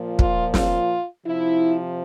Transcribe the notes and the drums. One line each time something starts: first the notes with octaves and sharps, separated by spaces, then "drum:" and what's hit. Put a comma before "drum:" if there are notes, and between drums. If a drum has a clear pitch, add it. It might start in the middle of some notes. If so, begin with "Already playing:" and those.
Already playing: A#2 F3
F4, drum: kick
F4, drum: snare
C3 F3 E4